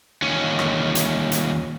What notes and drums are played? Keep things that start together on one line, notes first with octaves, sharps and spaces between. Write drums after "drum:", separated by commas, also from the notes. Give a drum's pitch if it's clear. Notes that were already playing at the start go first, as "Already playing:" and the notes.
D#2 C#4
drum: rim click
drum: hi-hat
drum: hi-hat